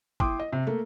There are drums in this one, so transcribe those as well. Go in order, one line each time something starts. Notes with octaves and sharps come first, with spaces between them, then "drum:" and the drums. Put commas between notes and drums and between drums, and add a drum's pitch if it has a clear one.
E4 G5 C6 D6 D#6, drum: kick G#1
D#5
C3
A3 A#3